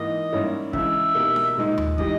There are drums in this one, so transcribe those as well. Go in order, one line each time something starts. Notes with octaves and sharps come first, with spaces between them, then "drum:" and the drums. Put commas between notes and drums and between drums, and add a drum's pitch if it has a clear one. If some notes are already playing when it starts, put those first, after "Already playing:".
Already playing: G#2 E3 A#3 D#5
G#2 G3 A#3 C#4 E4
C#2 C#3 E3 G#3 E5, drum: kick
B2 A#3 D#4 G4 A#4
drum: snare D4
A#2 G#3 D#4
drum: tom D#2
E3 G#3 D#4 G4 D#5, drum: kick